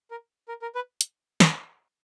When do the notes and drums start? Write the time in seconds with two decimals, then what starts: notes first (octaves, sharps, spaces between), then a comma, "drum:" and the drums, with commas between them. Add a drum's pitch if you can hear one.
0.11 A#4
0.48 A#4
0.62 A#4
0.75 B4
1.01 drum: hi-hat
1.40 drum: snare